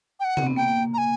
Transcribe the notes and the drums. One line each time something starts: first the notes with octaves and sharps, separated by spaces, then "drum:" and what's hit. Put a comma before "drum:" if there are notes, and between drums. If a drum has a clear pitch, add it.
G5
F#5
C4, drum: tom
B3
A#3 G5
A#5
G#5